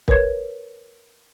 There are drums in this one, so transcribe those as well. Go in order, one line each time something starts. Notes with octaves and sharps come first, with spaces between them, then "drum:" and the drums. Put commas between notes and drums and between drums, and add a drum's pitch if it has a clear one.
A#4 B4 C#5 G#6, drum: kick